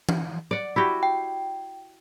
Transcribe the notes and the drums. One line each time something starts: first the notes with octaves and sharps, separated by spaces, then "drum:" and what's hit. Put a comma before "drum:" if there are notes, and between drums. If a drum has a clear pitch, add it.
drum: tom E3
D5 F#5
E4 F#4 G4
G5